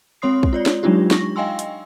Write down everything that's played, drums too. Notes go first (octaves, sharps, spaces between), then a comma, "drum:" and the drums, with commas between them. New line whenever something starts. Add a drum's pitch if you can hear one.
G#3 C4 C#5 C6 D#6 C7
drum: kick
F4 C#5 D5
drum: snare
F#3 G#3 D4 D#4 F4 G4
C#6 A#6, drum: snare
D#5 F5 G5 G#5 C6 E6
drum: hi-hat